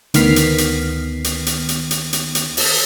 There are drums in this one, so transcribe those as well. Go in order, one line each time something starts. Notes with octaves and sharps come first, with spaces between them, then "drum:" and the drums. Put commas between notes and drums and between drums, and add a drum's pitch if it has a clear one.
D2 D#3 B3 F6 B6 C7, drum: hi-hat
drum: hi-hat
drum: hi-hat
drum: hi-hat
drum: hi-hat
drum: hi-hat
drum: hi-hat
drum: hi-hat
drum: hi-hat
drum: open hi-hat